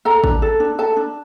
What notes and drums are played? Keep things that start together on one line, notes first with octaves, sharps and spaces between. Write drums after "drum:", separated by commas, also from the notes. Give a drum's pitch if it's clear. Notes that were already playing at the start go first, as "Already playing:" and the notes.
A4 A#5
D4, drum: kick
A4
D4
A4 A5
D4